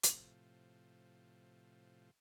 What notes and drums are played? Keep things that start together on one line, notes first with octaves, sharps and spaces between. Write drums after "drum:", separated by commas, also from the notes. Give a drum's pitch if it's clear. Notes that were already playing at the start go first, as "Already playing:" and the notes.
A2 C3 F3, drum: hi-hat